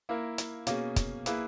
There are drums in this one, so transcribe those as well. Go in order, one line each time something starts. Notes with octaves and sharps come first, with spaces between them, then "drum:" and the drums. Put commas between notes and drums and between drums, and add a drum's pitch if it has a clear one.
A#3 E4 A#4
drum: hi-hat
B2 A#3 C#4 G#4, drum: hi-hat
drum: kick, hi-hat
A#3 E4 G#4 B4, drum: hi-hat